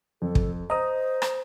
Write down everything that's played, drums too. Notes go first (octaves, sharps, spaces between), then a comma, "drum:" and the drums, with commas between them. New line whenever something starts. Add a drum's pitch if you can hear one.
F2 A4
drum: kick
C5 D#5 A#5 D#6
drum: rim click